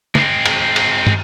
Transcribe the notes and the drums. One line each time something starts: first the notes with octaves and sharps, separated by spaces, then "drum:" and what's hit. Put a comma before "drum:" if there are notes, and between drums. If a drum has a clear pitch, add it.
G#3 C4, drum: snare
drum: cymbal
drum: cymbal
drum: tom